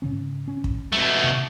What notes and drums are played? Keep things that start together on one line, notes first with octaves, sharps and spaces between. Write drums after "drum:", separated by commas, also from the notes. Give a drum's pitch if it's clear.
G#2 C#3 C#4
C#4
drum: kick
B2 A3, drum: snare C4
C3